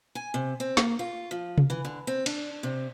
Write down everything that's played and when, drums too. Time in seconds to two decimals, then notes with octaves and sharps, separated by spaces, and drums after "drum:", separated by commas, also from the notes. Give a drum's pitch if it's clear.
0.15 G#5
0.34 C3
0.60 C4
0.77 A#3, drum: snare
0.99 F4
1.31 F3
1.58 drum: tom C3
1.70 E3
1.85 D3
2.07 C4
2.26 D4, drum: cymbal
2.63 C3